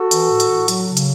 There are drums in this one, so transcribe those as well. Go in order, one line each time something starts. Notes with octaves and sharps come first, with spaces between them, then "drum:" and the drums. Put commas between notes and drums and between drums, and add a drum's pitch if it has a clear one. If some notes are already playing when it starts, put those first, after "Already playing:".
Already playing: F#4 A4
E3, drum: hi-hat
A2
drum: hi-hat
A2
F#3, drum: hi-hat
C#3
drum: hi-hat